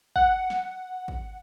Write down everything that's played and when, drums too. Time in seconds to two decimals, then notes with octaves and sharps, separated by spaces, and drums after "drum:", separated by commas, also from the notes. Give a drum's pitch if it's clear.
0.16 F#5, drum: kick
0.50 drum: snare
1.08 drum: kick